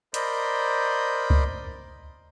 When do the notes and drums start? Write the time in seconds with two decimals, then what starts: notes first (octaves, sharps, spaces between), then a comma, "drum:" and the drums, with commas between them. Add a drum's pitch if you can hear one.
0.14 A#4 C5 D5 D#5 B5 G6, drum: hi-hat
1.30 drum: kick C#2